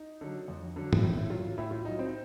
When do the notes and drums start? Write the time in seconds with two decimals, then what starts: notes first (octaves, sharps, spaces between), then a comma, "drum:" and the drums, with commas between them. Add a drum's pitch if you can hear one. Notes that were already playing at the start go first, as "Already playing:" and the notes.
Already playing: D#4
0.21 D3 F#3
0.48 F2
0.76 D3 F#3
0.93 drum: tom
1.03 A2 E4
1.17 E4
1.30 F#3 F4
1.58 A2 E4
1.71 F4
1.85 F#3 D#4
1.99 C4